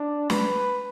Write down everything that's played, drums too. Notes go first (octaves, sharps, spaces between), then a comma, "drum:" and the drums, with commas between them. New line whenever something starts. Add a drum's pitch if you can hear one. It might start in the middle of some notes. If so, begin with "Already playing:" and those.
Already playing: D4
B4, drum: snare